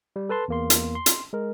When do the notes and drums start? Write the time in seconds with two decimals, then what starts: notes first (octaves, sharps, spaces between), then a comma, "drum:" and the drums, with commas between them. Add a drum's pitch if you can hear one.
0.16 G3
0.29 A4 B4 A5 C6
0.48 E2 A#3 C6
0.70 drum: hi-hat
0.95 C6
1.06 drum: hi-hat
1.33 G#3 A#4